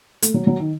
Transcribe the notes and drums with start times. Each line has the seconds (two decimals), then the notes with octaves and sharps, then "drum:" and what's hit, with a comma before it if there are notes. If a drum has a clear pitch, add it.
0.22 A3, drum: hi-hat
0.34 F#3
0.47 F#3
0.60 D#3